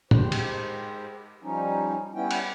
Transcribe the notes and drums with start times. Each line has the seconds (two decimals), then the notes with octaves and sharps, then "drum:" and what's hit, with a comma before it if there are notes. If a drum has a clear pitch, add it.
0.11 G#2 G4 C5, drum: tom
0.32 drum: cymbal
1.43 F3 G3 C#4 D#4
2.15 G3 B3 C#4 E4 G5
2.31 drum: cymbal